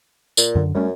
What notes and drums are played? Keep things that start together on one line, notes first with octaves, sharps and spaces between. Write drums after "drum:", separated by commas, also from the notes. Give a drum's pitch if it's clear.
A#2, drum: tambourine
F#2 D3
F#2 G3 A3 C#4